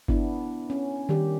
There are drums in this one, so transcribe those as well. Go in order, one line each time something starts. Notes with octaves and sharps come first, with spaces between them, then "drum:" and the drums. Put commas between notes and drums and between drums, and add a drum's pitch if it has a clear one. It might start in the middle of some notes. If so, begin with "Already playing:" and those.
B3 D4 E4, drum: kick G1
C#4
D#3 G3 G4